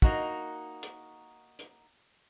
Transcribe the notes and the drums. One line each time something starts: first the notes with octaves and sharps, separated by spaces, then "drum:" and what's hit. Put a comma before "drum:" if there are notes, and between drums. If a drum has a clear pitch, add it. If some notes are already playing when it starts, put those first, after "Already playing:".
A#3 D#4 F#4, drum: kick
drum: hi-hat
drum: hi-hat